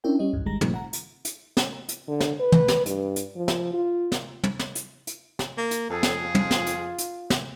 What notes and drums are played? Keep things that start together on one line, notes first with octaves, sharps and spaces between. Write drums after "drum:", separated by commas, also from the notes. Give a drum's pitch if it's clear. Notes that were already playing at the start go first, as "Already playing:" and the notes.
C#4 D4 E4 A#4 G5
G3 C#4 D#5
B1 E2 G2
G#1 D#3 G3 G#3 A#5 A#6
G2 A#2 D#3 F3 A3 C4, drum: tom
F#5 A#5
drum: hi-hat
drum: hi-hat
drum: snare
drum: hi-hat
D3
drum: snare
B4
drum: tom
drum: snare
G2, drum: hi-hat
drum: hi-hat
F3
drum: snare
F4
drum: snare
drum: tom
drum: snare
drum: hi-hat
drum: hi-hat
drum: snare
A#3
drum: hi-hat
F2 G#4 A4
drum: snare
F4
drum: tom
drum: snare
drum: hi-hat
drum: hi-hat
drum: snare